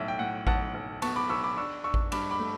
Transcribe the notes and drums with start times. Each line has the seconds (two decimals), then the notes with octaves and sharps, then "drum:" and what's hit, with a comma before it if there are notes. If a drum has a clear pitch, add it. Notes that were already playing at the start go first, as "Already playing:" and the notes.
Already playing: B1 A2 E5
0.08 G5
0.19 A2 F#5
0.47 B1 F#5 A5, drum: kick A1
0.74 B1
1.02 B3 A5 C#6, drum: cymbal
1.16 B5 D6
1.30 B1 C#6 E6
1.43 B5 D6
1.57 D4 C#6 E6
1.84 D4 C#6 E6
1.94 drum: kick A1
2.12 G2 B5 D6, drum: cymbal
2.30 B5 D6
2.39 A3